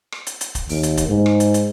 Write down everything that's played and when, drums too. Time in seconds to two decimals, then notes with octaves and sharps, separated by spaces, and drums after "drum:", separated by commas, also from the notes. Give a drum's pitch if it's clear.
0.12 drum: rim click
0.27 drum: hi-hat
0.41 drum: hi-hat
0.55 drum: kick, hi-hat
0.69 D#2, drum: open hi-hat
0.83 drum: hi-hat
0.97 drum: kick, hi-hat
1.08 G#2
1.26 drum: rim click
1.40 drum: hi-hat
1.54 drum: hi-hat